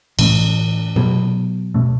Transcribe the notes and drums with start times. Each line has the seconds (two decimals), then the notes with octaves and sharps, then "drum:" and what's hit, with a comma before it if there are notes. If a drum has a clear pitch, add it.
0.19 A2 E3 A3 C#4, drum: cymbal
0.96 B2 F#3 B3, drum: tom C3
1.74 B2 A3 C#4